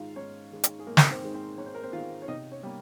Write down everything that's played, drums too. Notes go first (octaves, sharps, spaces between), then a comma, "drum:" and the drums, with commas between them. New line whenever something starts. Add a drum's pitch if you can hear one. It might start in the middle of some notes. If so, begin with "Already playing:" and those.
Already playing: G#2 D#3 G#3 F4 F5
G#2 C#4 C#5
D#3 G#3
drum: hi-hat
G#4
G#2 A#3 A#4
drum: snare
C4 C5
D#3 G#3
C4 C5
G#2 C#5
C5
A#4
C4 C5
D#3 G#3 F4 F5
C#5
C3 D#4 D#5
C#4 C#5
G3 A#3